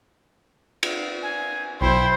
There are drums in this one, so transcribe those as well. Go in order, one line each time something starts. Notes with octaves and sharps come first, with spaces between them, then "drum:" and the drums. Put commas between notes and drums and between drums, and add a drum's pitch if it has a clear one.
drum: cymbal
G#5
B1 E4 C5 G5